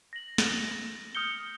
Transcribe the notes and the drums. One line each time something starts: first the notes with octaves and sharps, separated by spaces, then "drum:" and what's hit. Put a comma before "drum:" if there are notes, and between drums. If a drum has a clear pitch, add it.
A#6 F#7
drum: snare
D#6 F6 G6 C#7 G7